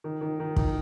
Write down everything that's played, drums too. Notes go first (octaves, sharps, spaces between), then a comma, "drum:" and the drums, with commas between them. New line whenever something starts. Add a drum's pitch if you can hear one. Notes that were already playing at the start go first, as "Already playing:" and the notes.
D#3
D#3
D#3
D#3, drum: kick